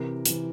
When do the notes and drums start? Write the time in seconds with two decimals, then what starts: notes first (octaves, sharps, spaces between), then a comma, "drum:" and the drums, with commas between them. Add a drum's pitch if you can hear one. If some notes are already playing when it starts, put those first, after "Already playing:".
Already playing: C3 E3 A#4
0.25 C3 E3, drum: hi-hat